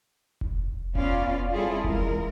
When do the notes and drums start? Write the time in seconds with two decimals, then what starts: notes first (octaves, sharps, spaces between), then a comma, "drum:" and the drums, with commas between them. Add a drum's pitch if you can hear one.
0.41 drum: kick F1
0.95 B3 C#4 F4 D5 F5, drum: kick F1
1.53 G3 C4 E4 F4 G#4 A4
1.84 E3 G#3 A#4, drum: kick F1